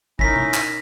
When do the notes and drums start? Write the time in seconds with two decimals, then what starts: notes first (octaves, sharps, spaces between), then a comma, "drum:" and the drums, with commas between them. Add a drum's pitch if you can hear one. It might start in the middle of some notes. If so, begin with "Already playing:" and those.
0.19 C#4 D#4 E4 A#4 A#6 B6, drum: kick
0.36 drum: tom B2
0.54 drum: clap